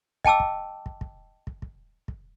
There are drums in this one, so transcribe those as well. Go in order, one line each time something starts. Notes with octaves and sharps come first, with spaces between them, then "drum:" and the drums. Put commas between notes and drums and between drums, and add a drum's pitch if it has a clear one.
D#5 G5 A5 D6 E6, drum: kick
drum: kick
drum: kick
drum: kick
drum: kick
drum: kick
drum: kick